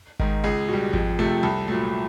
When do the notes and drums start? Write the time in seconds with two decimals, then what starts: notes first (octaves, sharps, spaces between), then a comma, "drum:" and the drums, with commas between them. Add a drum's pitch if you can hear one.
0.19 G#2 D#3, drum: kick G#1
0.44 C#2 G#4
0.68 B2 G3
0.93 F2, drum: kick G#1
1.19 C3 F3 A3
1.43 C2 A4
1.68 A#2 F#3 A3